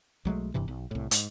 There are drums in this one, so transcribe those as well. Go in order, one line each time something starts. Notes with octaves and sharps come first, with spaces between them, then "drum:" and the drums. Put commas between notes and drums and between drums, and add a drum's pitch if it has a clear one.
B1 F#3 G#3 A3
F#1 G2 C3 E3
B1
C2 A2
G#2, drum: hi-hat